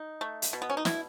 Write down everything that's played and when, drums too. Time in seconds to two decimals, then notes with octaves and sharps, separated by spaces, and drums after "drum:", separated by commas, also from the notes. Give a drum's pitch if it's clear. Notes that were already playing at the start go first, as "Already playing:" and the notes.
Already playing: D#4
0.21 A3
0.42 drum: hi-hat
0.53 B2
0.62 B3
0.70 C#4
0.77 D#4
0.85 B2 E4, drum: snare